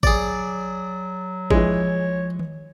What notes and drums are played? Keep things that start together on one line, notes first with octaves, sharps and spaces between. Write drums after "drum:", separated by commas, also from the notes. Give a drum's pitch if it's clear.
F#3 G#4 D5, drum: kick G#1
E3 F3 G#3 C#5, drum: kick G#1
drum: tom D#3